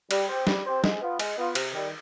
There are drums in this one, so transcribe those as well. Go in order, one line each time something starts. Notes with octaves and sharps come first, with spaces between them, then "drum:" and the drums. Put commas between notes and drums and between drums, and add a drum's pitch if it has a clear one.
G3, drum: cymbal
C4 G4 C5
G3, drum: snare
C4 G4 C5
G#3, drum: snare
B3 F4
G#3, drum: cymbal
B3 F4
C3, drum: cymbal
D#3 G3